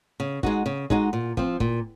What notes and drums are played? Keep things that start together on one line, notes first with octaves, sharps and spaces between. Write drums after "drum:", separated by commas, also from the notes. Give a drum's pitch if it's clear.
C#3
G#3 D#4 F#4, drum: kick
C#3
G#3 D#4 F#4, drum: kick
A#2
F3 C4, drum: kick
A#2, drum: kick